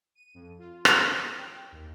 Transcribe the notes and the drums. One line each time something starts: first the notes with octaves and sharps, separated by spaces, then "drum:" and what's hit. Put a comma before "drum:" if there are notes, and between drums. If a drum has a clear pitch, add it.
D#7
F2
F4
drum: rim click
D#6
G5
D#2